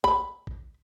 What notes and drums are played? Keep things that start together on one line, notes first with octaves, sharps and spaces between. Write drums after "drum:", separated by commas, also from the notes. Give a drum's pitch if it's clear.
B5, drum: kick A1
drum: kick A1